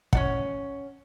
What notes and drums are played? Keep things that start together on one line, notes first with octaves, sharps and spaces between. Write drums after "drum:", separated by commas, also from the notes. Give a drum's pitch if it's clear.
C#4 D4 F#5, drum: kick